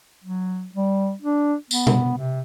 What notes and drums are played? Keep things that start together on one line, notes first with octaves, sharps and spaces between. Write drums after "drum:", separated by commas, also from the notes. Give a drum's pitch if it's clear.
F#3
G3
D4
B3, drum: tambourine
drum: tom B2
C3